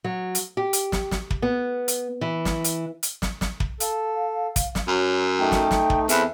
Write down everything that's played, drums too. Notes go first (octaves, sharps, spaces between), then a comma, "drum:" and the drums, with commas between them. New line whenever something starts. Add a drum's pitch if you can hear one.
F#3
drum: hi-hat
G4
drum: hi-hat
drum: snare
drum: snare
drum: kick
B3
drum: hi-hat
E3
drum: snare
drum: hi-hat
drum: hi-hat
drum: snare
drum: snare
drum: kick
A4 F5, drum: hi-hat
drum: kick, hi-hat
drum: snare
F#2 F#3
A3 D#4 G5
drum: snare
drum: snare
drum: kick
E2 C4 A4 B4 E5, drum: hi-hat